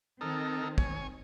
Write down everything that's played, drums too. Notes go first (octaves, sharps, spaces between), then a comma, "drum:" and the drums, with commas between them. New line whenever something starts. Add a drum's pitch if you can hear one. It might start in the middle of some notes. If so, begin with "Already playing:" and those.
D#3 C4 D#4 A4 A#4
C#5 G#5, drum: kick